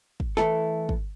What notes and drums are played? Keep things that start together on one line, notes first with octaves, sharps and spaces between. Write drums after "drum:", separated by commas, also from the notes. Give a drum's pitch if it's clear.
drum: kick
E3 A3 E4 A4, drum: snare
drum: kick